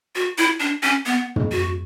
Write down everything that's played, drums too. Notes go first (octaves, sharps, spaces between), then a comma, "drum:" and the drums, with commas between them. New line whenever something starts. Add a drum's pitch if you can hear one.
F#4
E4
D4
C#4
B3
drum: tom
F#4